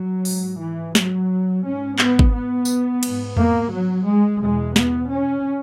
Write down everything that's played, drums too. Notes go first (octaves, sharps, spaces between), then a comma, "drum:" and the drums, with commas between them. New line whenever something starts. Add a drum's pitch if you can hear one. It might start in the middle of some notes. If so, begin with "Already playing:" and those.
Already playing: F#3
G#2, drum: open hi-hat
E3
F#3, drum: snare
G#2 C#4
B3, drum: clap
drum: kick
B3
drum: tambourine
G#2, drum: cymbal
A#3, drum: tom E2
F#3
G#3
E2 B2 G#3
B3, drum: snare
C#4